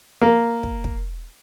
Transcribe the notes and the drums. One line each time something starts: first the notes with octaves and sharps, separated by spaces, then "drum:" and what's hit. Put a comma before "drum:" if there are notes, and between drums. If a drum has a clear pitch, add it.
A#3
drum: kick
drum: kick